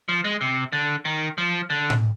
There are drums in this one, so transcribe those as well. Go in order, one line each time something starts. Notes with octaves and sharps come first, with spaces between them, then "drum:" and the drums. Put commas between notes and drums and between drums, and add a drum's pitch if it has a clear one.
F3
G#3
C3
D3
D#3
F3
D3
drum: tom A2